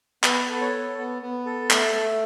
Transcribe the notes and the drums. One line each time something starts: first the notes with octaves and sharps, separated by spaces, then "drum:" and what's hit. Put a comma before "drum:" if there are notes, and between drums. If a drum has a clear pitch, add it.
B3 B4, drum: clap
A4
C#5
B3
B3
B3
A4
A3, drum: clap
A3